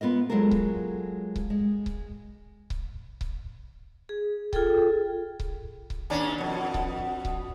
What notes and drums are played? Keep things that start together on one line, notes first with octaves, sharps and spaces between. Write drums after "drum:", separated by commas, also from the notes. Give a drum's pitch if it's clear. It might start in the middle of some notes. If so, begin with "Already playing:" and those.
B3 F4 A#4 D#5
F#3 G#3 F4 A4 A#4
drum: kick C#1
drum: kick C#1
G#3
drum: kick C#1
drum: kick C#1
drum: kick C#1
G#4
F4 G#4 A4 G5, drum: kick C#1
drum: kick C#1
drum: kick C#1
D#2 C#4 D4
F2 B2
drum: kick C#1
drum: kick C#1